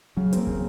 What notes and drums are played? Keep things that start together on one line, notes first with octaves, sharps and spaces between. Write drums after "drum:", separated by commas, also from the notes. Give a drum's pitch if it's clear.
C#3 F#3
A#3 C4, drum: hi-hat
C#3, drum: kick